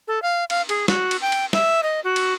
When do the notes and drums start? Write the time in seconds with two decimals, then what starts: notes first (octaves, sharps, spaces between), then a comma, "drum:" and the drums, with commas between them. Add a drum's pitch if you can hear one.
0.08 A4
0.22 F5
0.50 F5, drum: cymbal
0.69 G#4, drum: cymbal
0.88 F#4, drum: snare
1.11 drum: cymbal
1.21 G5
1.32 drum: cymbal
1.53 E5, drum: snare
1.83 D#5
2.04 F#4
2.16 drum: cymbal